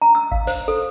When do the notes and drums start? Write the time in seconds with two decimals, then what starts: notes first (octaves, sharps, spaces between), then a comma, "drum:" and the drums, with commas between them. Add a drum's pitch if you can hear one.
0.02 A#5
0.15 E6
0.31 F5, drum: kick G#1
0.47 C5, drum: open hi-hat
0.68 A4